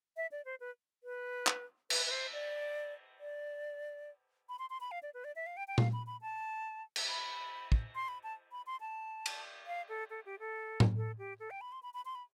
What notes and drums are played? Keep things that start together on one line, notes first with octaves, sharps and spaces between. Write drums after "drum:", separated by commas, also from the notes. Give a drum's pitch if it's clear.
E5
D5
C5
B4
B4
drum: clap
B4, drum: cymbal
B4
C5
D5
D5
B5
C6
C6
B5
F5
D5
B4
D5
E5
F5
G5
G5
F5, drum: tom A#2
B5
B5
A5
drum: cymbal
B5
drum: kick
C6
B5
A5
B5
C6
A5
drum: cymbal
F5
A4
A4
G4
A4
drum: tom A2
A4
G4
A4
G5
B5
C6
B5
B5
C6
B5